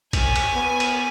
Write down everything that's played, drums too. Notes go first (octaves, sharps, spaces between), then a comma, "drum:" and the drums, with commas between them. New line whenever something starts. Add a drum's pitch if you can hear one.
G#5, drum: kick A1, cymbal
drum: cymbal
B3
drum: cymbal